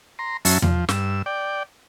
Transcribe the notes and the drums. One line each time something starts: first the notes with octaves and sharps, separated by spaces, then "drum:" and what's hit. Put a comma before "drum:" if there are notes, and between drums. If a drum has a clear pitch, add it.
A#5 C6
F#2 F#3 C#4 E5 A5, drum: open hi-hat
F3, drum: tom E2
G2 E6, drum: snare
D5 G5